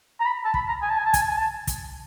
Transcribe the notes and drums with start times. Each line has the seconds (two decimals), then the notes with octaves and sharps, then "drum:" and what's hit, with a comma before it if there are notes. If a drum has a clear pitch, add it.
0.20 A#5
0.25 B5
0.45 A5
0.54 B5, drum: kick
0.68 A#5
0.82 G#5
0.90 A5
0.98 G#5
1.05 A5
1.14 G#5, drum: kick, hi-hat
1.22 A5
1.29 G#5
1.37 A5
1.67 drum: kick, hi-hat